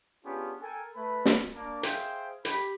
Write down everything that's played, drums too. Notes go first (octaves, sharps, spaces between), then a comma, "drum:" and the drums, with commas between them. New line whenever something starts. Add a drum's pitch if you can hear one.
B3 C#4 D4 F4 G4 G#4
A4 A#4 G5 G#5
A3 B4 B5
drum: snare
A#3 D4 A#4 D5 D6
G#4 C5 E5 F5 G5, drum: hi-hat
G4 B5, drum: hi-hat